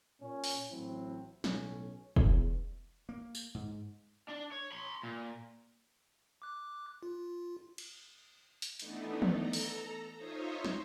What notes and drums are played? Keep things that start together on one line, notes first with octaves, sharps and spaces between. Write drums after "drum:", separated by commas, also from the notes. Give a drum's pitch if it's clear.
A#2 C#4
drum: open hi-hat
A1 F#3 C4 E4
B1 A2 C#4, drum: snare
E2, drum: kick
A#3
drum: tambourine
G#2
D4
C#5
B5 C6
A#2
D6 F#6
F4
drum: cymbal
drum: hi-hat
E3 A3 B3 D4 D#4, drum: hi-hat
drum: tom
A4 A#5
drum: open hi-hat
D#4 F4 C5 C#5 D#5 E5
drum: snare